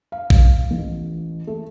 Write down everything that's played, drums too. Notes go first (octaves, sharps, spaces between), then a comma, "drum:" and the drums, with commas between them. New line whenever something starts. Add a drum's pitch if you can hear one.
F5
drum: kick
A1
A3